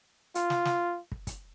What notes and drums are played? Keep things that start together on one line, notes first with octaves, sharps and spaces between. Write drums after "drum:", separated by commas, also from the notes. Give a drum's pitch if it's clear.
F4, drum: hi-hat
drum: snare
drum: snare
drum: kick
drum: kick, hi-hat